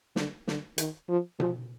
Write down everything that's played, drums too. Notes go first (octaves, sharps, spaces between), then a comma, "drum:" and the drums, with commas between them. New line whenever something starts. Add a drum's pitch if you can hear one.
D3, drum: snare
D3, drum: snare
D#3, drum: hi-hat
F3
F3, drum: tom B2